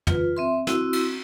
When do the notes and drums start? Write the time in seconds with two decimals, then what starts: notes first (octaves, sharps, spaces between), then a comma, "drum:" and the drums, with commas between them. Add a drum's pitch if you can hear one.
0.07 F4 B4, drum: tom F2
0.36 C4 E5 C6
0.67 C4 E4 F#4 E6, drum: snare
0.93 drum: cymbal